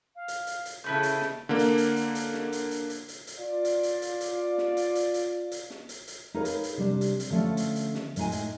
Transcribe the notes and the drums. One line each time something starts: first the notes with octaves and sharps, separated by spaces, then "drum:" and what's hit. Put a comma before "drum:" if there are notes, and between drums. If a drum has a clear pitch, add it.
F5
drum: hi-hat
drum: hi-hat
drum: hi-hat
C#3 E4 A4 B4 F6 G6
drum: hi-hat
drum: snare
D3 A#3
drum: hi-hat
drum: hi-hat
drum: hi-hat
drum: hi-hat
drum: snare
drum: hi-hat
drum: hi-hat
drum: hi-hat
drum: hi-hat
drum: hi-hat
F4 D5
drum: hi-hat
drum: hi-hat
drum: hi-hat
drum: hi-hat
drum: snare
drum: hi-hat
drum: hi-hat
drum: hi-hat
drum: hi-hat
drum: snare
drum: hi-hat
drum: hi-hat
D#4 G#4 A#4 B4 C#5 F5
drum: hi-hat
drum: hi-hat
C3 G3 D4
drum: hi-hat
drum: hi-hat
D3 F3 A3 C#4 F#5
drum: hi-hat
drum: hi-hat
drum: snare
A2 G#3 D#4 G5 G#5, drum: hi-hat
drum: hi-hat